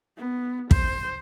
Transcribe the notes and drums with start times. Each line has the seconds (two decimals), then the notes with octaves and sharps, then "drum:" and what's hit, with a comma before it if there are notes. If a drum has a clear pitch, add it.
0.17 B3
0.71 C5, drum: kick